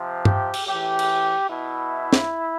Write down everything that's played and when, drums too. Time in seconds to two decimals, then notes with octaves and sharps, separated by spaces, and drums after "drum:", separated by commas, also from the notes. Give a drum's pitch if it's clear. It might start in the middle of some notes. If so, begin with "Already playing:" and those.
Already playing: C3 F3
0.25 G4, drum: tom G2
0.54 drum: cymbal
0.67 A2 E3 G4
0.99 drum: cymbal
1.50 B2 E4
2.13 drum: snare